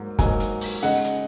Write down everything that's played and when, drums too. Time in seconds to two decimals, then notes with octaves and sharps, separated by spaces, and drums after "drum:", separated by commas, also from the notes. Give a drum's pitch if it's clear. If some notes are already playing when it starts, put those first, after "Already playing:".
Already playing: G#2 F#3 A#3
0.19 G#2 F#3 A#3 D#4 G#5, drum: kick, hi-hat
0.40 drum: hi-hat
0.61 drum: open hi-hat
0.83 C#3 G#3 D#4 F#5, drum: hi-hat
1.04 drum: hi-hat